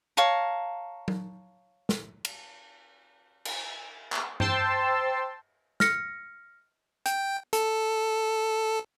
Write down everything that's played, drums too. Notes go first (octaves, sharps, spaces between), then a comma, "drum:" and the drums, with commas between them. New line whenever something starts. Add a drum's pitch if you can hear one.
C#5 F5 A5 A#5
drum: tom F#3
drum: snare
drum: cymbal
drum: cymbal
drum: clap
C5 G5 A5 C6 E6, drum: tom G2
F6 A#6 C#7, drum: snare
G5, drum: hi-hat
A4, drum: hi-hat